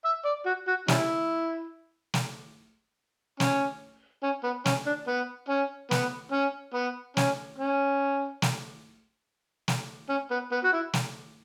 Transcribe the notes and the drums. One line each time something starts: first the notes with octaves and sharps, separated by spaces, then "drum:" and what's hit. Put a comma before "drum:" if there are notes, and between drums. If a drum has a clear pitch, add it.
E5
D5
F#4
F#4
G3 C#4 E4, drum: snare
drum: snare
C#4, drum: snare
C#4
B3
C#4, drum: snare
D4
B3
C#4
B3, drum: snare
C#4
B3
C#4, drum: snare
C#4
drum: snare
drum: snare
C#4
B3
B3
F#4
E4
drum: snare